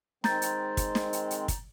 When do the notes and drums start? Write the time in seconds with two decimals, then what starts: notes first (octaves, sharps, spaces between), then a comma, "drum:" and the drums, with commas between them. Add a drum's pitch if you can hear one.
0.24 D#3 G#3 C4 A#5 G6 A6, drum: snare
0.42 drum: hi-hat
0.77 drum: kick, hi-hat
0.95 drum: snare
1.13 drum: hi-hat
1.31 drum: hi-hat
1.48 drum: kick, hi-hat